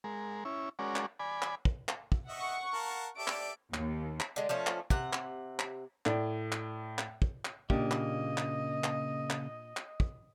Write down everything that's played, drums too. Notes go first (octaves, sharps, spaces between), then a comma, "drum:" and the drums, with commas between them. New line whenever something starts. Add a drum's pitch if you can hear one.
G#3 A#4
C#4 E4
G#3 C#4 F#4 A#4 D5
drum: clap
D5 G#5 B5
drum: clap
drum: kick
drum: clap
drum: kick
D#5 E5 F#5 C#6
A#4 F5 A5
G4 A4 D5 E5 D7
drum: clap
D#2, drum: clap
drum: clap
D3 G#3
F3 A3 C#4
drum: clap
C3 F#5, drum: kick
drum: clap
drum: clap
A2 D5, drum: clap
drum: clap
drum: clap
drum: kick
drum: clap
A#2 C#3 A#3 D4 G4 D#5, drum: kick
drum: clap
drum: clap
drum: clap
drum: clap
drum: clap
drum: kick